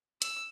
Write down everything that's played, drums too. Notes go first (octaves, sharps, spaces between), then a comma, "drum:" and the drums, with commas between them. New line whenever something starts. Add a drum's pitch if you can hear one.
E6, drum: hi-hat